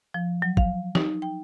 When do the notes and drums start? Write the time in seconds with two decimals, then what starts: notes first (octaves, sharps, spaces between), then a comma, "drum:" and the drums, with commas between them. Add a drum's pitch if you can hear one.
0.14 F3
0.42 F#3
0.57 F5, drum: kick
0.95 D#4, drum: snare
1.22 G5